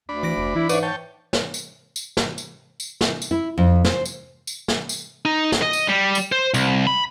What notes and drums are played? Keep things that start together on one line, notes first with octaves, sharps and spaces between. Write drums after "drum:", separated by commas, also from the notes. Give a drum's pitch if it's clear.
D2 D4 B5
E3 D6 A#6 D7
F1
E3 E4
G#2 D4 B4 C#5 D5 E5, drum: tambourine
C#5 G5 A5 G6
drum: snare
drum: tambourine
drum: tambourine
drum: snare
drum: tambourine
drum: tambourine
drum: snare
drum: tambourine
E4
F2
C5, drum: snare
drum: tambourine
drum: tambourine
drum: snare
drum: tambourine
D#4
drum: snare
D#5
drum: tambourine
G3
drum: tambourine
C5
C2, drum: tambourine
B5